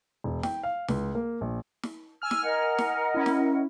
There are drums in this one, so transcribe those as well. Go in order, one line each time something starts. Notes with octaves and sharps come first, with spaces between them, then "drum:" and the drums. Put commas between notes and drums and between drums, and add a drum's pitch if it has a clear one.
E1
G5, drum: snare
F5
C#2, drum: snare
A#3
A#1
drum: snare
G#5 E6 F6
drum: snare
A#4 D#5 F#5
drum: snare
C#4 E4
drum: snare